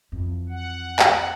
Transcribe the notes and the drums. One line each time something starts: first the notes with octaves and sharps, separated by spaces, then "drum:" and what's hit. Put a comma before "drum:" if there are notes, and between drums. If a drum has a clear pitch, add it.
F2 E3
F#5
drum: clap